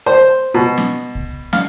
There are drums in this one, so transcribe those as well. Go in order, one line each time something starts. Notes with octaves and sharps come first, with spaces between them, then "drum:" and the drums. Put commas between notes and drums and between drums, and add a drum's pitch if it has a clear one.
C5
B2
drum: snare
drum: kick C2
F5, drum: snare